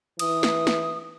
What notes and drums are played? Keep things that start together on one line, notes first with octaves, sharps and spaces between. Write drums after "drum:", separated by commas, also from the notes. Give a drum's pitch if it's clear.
E3 D#6, drum: cymbal
drum: snare
drum: snare